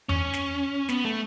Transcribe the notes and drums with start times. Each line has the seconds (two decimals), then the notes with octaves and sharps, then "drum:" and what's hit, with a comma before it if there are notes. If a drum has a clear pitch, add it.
0.09 C#4, drum: tom E2
0.33 drum: snare
0.89 B3, drum: snare
1.05 A3